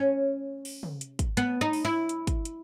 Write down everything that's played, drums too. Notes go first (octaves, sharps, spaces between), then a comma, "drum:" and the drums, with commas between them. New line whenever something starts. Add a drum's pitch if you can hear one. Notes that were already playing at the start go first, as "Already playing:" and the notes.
Already playing: C#4
drum: open hi-hat
drum: tom
drum: hi-hat
drum: kick, hi-hat
B3, drum: hi-hat
D#4
drum: open hi-hat
E4
drum: hi-hat
drum: kick, hi-hat
drum: hi-hat